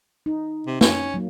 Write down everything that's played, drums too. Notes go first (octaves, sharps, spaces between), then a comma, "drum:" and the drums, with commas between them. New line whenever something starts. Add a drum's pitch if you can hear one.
D#4
C3
C#4, drum: snare
F#3 A#3